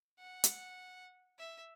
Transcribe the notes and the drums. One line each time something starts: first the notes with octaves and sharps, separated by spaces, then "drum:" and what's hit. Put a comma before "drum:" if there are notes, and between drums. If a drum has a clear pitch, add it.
F#5
drum: hi-hat
E5